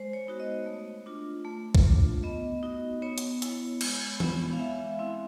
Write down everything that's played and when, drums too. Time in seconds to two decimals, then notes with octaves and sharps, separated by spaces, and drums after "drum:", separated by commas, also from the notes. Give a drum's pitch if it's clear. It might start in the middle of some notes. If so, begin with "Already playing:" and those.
Already playing: G#3 C5
0.13 C#5
0.27 B3 D#4 F#4
0.40 D#5
0.66 A3
1.06 D4 F4
1.44 A3
1.75 drum: kick
1.84 D4 F4
2.23 B3 D#5
2.63 D#4 F#4
3.02 B3 C#5
3.18 drum: hi-hat
3.42 E4, drum: hi-hat
3.81 G#3, drum: cymbal
4.20 B3 E4, drum: tom E3
4.53 F5
4.59 G#3 E5
4.99 C4 E4